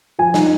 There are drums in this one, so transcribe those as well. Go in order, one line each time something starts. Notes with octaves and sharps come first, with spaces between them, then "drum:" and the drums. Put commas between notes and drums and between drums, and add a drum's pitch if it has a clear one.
F3 G#5
D#4, drum: snare